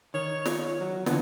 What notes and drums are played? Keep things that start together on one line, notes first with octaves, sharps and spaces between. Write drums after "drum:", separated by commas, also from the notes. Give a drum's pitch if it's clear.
D#3 C#5
drum: snare
F#3
D#2 D3 E3 B3, drum: snare